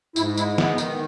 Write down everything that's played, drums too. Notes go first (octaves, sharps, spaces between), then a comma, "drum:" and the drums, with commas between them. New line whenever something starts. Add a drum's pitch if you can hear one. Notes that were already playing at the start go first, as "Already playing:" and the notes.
G#2 E4, drum: tambourine
G#3 E4, drum: tambourine
B3 E4, drum: snare
D#3 D#4, drum: tambourine